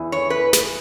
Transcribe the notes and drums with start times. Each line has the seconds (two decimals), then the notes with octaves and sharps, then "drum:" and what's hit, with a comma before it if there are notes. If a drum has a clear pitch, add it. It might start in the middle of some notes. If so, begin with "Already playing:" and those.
Already playing: E2 E3
0.12 C#5
0.30 B4
0.53 drum: snare